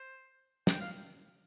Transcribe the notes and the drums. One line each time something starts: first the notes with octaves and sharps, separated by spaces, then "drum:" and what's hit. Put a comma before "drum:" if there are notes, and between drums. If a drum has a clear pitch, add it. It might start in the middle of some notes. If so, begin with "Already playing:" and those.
Already playing: C5
G5, drum: snare
F5